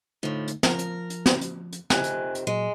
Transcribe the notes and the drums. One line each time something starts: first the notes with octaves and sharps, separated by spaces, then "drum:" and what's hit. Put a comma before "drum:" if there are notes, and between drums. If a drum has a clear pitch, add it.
A2 D3 F3 A3 D#4
drum: hi-hat
F3 A#4, drum: snare
drum: hi-hat
drum: hi-hat
drum: snare
drum: hi-hat
drum: hi-hat
F2 C3 D#3 G#5 F#6, drum: snare
drum: hi-hat
drum: hi-hat
A#2 F#3 G#3